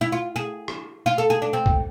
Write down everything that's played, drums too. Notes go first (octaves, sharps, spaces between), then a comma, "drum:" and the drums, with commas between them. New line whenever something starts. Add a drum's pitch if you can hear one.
E4
F4
G#4
drum: rim click
F4
A4
G#4
D4
C4
drum: kick B1